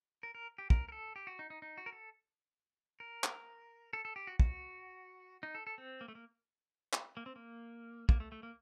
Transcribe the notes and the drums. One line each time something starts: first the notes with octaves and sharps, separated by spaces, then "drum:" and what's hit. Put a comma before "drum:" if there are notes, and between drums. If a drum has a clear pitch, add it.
A#4
A#4
G4
A#4, drum: kick
A#4
A4
G4
F#4
D#4
D#4
D#4
F#4
A#4
A4
A#4
drum: clap
A4
A4
G4
F#4
F#4, drum: kick
D#4
A4
A4
C4
A#3
A3
A#3
drum: clap
A#3
C4
A#3
A#3, drum: kick
A3
A3
A#3